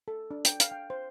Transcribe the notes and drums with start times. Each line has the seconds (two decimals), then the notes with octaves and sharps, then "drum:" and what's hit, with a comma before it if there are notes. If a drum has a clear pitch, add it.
0.08 A4
0.31 D4
0.45 G5, drum: hi-hat
0.60 F5, drum: hi-hat
0.71 G5
0.90 C5